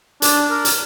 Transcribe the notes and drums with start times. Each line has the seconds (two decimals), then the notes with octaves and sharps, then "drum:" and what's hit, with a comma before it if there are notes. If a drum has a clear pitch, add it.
0.22 D4, drum: hi-hat
0.51 A#4
0.65 drum: hi-hat